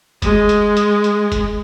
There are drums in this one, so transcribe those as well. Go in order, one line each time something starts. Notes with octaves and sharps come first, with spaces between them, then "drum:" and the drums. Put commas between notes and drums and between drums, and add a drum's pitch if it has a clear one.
G#3, drum: kick F1, hi-hat
drum: hi-hat
drum: hi-hat
drum: hi-hat
drum: kick F1, hi-hat